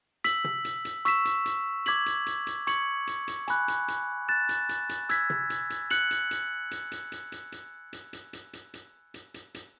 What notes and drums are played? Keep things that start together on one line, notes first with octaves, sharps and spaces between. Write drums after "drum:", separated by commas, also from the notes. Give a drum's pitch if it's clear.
E6 B6 F#7, drum: hi-hat
drum: tom
drum: hi-hat
drum: hi-hat
C#6 E6 B6 E7, drum: hi-hat
drum: hi-hat
drum: hi-hat
D6 G#6 B6 F#7, drum: hi-hat
drum: hi-hat
drum: hi-hat
drum: hi-hat
C#6 G#6 C#7 F#7, drum: hi-hat
drum: hi-hat
drum: hi-hat
G#5 B5 F#6, drum: hi-hat
drum: hi-hat
drum: hi-hat
F#6 A6 E7
drum: hi-hat
drum: hi-hat
drum: hi-hat
E6 G#6 B6, drum: hi-hat
drum: tom
drum: hi-hat
drum: hi-hat
F#6 C#7 F#7, drum: hi-hat
drum: hi-hat
drum: hi-hat
drum: hi-hat
drum: hi-hat
drum: hi-hat
drum: hi-hat
drum: hi-hat
drum: hi-hat
drum: hi-hat
drum: hi-hat
drum: hi-hat
drum: hi-hat
drum: hi-hat
drum: hi-hat
drum: hi-hat